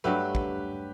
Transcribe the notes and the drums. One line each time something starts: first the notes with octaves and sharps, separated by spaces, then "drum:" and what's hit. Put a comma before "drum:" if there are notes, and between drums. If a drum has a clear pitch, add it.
G2 F#3 A3 G4 B4
drum: kick